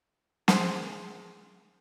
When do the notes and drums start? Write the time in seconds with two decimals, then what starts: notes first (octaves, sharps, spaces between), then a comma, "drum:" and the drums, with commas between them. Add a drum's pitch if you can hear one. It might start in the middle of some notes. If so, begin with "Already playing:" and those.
0.48 G#4 C5, drum: snare